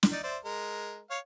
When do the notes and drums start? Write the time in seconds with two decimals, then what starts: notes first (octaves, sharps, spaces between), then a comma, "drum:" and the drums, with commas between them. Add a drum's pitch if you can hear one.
0.03 drum: snare
0.12 D#4 D5
0.23 C5 D5 E5
0.45 G#3 A#4
1.11 C#5 F5